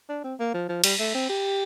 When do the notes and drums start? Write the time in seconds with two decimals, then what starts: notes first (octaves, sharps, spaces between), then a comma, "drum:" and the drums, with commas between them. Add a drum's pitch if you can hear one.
0.09 D4
0.24 C4
0.39 A#3
0.54 F3
0.69 F3
0.84 G3, drum: cymbal
0.99 A3
1.14 C4
1.29 G4